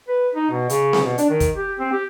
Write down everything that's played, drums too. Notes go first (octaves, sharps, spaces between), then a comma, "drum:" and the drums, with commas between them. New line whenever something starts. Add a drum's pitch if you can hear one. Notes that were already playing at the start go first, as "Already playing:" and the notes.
B4
D#4
B2
C#3, drum: hi-hat
drum: snare C4
B2
D4, drum: hi-hat
D#3
drum: kick, hi-hat
G4
C4
G4